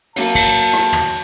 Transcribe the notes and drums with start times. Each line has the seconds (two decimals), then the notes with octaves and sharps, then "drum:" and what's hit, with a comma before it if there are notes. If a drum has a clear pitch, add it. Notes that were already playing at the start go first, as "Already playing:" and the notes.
0.16 F#3 A#3 A5, drum: cymbal
0.35 drum: kick, cymbal
0.73 drum: rim click
0.92 drum: tom